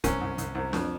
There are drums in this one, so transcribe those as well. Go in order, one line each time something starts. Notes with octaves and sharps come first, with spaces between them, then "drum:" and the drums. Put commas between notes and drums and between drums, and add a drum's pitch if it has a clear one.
C2 C#4, drum: kick, hi-hat
C2
C2, drum: hi-hat
C2
F2, drum: snare D4